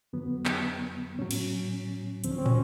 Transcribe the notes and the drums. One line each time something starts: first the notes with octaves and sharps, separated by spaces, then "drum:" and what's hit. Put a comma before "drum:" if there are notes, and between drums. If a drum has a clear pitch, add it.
F2 D3 F#3 B3
drum: clap
A2 F#3 C#4
drum: cymbal
D2 D3 F3 C4, drum: hi-hat
C#4
C4
C#4, drum: tom